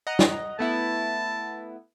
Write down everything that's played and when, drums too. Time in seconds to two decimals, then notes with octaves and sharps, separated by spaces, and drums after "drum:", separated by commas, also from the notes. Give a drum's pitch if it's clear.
0.07 D#5 F#5 A#5
0.19 drum: snare
0.59 A3 B3 E4 A5